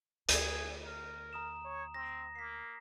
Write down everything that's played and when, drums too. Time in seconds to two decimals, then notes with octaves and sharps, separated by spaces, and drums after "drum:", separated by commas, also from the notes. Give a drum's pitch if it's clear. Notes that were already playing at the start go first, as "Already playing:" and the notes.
0.29 D2 D3 G#4, drum: hi-hat
0.82 A#4
1.33 A#5 D#6 E7
1.64 C#5
1.94 C4 A#6
2.35 A#3 B6 C7